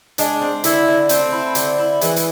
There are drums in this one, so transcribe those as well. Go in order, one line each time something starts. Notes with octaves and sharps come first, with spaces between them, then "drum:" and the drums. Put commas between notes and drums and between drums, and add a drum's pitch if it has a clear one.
G#3 D4, drum: hi-hat
C4
D3 E4, drum: hi-hat
D3
A3 C4, drum: hi-hat
E4
D3, drum: hi-hat
E4
E3 G#3, drum: hi-hat
drum: hi-hat